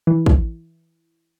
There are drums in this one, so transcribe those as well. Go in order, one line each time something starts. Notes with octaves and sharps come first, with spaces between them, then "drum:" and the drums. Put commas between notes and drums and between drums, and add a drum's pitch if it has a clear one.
E3
drum: kick